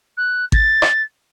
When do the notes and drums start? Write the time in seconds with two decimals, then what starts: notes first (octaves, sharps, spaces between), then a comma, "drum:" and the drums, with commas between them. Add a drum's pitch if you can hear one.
0.17 F#6
0.52 A6, drum: kick G#1
0.82 drum: rim click